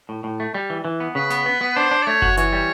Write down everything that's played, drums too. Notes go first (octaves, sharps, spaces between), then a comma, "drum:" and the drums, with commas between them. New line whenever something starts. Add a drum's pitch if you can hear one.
A2
A2
A3
G3
E3
E3
B3
C#3 B4
B3, drum: snare
B3
B3
D4 C5
D4
D5
A3 C#5
F#4, drum: kick F#1
E3 C#5, drum: hi-hat
G3